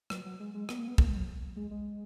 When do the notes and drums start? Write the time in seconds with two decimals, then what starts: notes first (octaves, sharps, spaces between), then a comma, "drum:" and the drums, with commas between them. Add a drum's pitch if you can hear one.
0.10 F#3, drum: rim click
0.25 F#3
0.40 G#3
0.54 G#3
0.69 B3, drum: rim click
0.78 A#3
0.88 B3
0.98 A#3, drum: kick
1.08 G#3
1.17 F#3
1.56 G#3
1.71 G#3